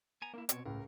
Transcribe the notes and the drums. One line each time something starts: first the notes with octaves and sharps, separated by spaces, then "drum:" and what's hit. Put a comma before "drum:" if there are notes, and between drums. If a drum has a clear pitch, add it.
B3 G#5 A#5
A#3 D4 E4
B2 C4 C#5, drum: hi-hat
C#2 A2 A#4